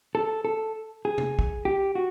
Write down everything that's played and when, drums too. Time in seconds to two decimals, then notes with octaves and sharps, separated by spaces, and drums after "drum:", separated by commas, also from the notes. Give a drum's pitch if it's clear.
0.15 A4
0.45 A4
1.05 G#4
1.18 drum: tom C3
1.39 drum: kick
1.65 G4
1.95 F#4